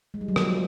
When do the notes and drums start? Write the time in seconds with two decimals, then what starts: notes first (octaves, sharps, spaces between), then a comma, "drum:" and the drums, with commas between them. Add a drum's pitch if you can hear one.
0.14 G#3
0.21 G3
0.28 F#3
0.36 F3, drum: rim click